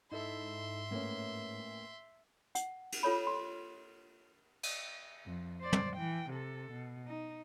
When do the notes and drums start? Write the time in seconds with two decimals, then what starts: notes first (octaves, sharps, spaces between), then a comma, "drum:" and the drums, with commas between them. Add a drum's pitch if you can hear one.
0.12 G#2 D#4 E4 A4 E5 C6
0.91 A2 A#3 B3 C#4
2.55 F#5, drum: hi-hat
2.92 drum: cymbal
3.03 F4 A4 C#5 B5
3.27 C6
4.63 drum: cymbal
5.26 F2
5.60 C5 D5
5.73 drum: tom
5.96 E3 G5
6.29 C3 A4
6.72 B2
7.07 D#4